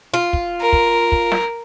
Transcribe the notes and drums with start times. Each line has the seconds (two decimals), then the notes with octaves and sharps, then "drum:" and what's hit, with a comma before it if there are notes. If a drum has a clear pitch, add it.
0.14 F4
0.33 drum: kick
0.61 A#4
0.73 drum: kick
1.12 drum: kick
1.32 drum: snare